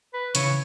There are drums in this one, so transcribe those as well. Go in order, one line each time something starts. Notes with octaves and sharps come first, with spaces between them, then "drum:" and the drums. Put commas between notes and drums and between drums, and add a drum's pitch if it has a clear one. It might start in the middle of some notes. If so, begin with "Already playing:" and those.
B4
C#3 E3 C#5, drum: hi-hat